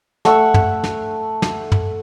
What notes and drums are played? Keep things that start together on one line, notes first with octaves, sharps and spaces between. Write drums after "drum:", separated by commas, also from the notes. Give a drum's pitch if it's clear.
A3 F#5 C#6 E6, drum: snare
drum: tom
drum: snare
drum: snare
drum: tom